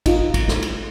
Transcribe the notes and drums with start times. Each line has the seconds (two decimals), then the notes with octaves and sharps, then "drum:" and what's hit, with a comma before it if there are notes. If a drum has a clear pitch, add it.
0.06 D#4 F4, drum: kick, cymbal
0.34 drum: kick, cymbal
0.48 drum: snare
0.62 drum: cymbal